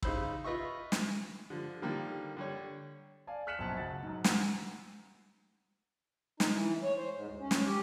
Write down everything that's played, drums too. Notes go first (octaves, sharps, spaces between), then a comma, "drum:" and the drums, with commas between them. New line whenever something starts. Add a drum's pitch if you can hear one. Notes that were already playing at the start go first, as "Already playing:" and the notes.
C#3 D#4 C5 B5 E6, drum: kick
F4 B4 D#5 E5 C#6
drum: snare
D3 F3
D3 D#3 F3 G3 A#3
D3 G3 C#5
D5 F5 G#5 A5
F6 F#6 B6 C#7 E7 F#7
A#1 F#2 B2 A5
C#2 F#4 A6
G#2 F#3
F#5 A#5 E6, drum: snare
D#4, drum: snare
E3
C#5
C5
G#2
D2
C#4
drum: snare
G4